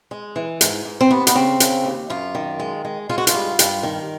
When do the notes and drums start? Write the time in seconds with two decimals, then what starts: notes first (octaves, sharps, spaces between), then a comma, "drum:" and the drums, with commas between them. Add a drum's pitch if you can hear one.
0.11 G#3
0.36 E3
0.61 G#2, drum: hi-hat
0.85 G#2
1.01 C4
1.11 D#2 B3
1.27 B3, drum: hi-hat
1.35 C#3 C4
1.60 C#3, drum: hi-hat
1.85 D#2
2.10 F#2 F4
2.35 D#3
2.60 G#3
2.85 G#3
3.09 G#3 F4
3.18 F#4
3.27 F4, drum: hi-hat
3.34 G2
3.59 G2, drum: hi-hat
3.83 D#3